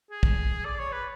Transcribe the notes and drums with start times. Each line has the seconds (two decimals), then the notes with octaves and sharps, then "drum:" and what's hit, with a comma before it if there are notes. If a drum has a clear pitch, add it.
0.11 G#4
0.23 drum: kick
0.65 D5
0.79 C#5
0.92 B4